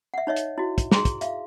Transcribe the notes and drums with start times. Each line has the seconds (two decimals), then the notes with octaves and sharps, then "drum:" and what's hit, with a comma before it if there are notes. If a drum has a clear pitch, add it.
0.14 E5 F#5
0.27 D#4 C#5 D#5 E5
0.36 drum: hi-hat
0.58 E4 F#4
0.78 drum: kick, hi-hat
0.92 G#4 A#5 C6, drum: snare
1.05 drum: kick, hi-hat
1.21 E5 F5, drum: hi-hat